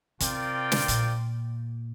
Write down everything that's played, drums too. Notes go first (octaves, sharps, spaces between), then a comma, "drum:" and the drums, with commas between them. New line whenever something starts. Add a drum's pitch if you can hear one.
C3 C4 F4 A#4 D5 G5, drum: hi-hat
drum: snare
A#2, drum: hi-hat